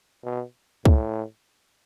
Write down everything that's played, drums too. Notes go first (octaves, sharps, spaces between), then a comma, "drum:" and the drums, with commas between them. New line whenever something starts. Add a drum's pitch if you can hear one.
B2
A2, drum: kick C#2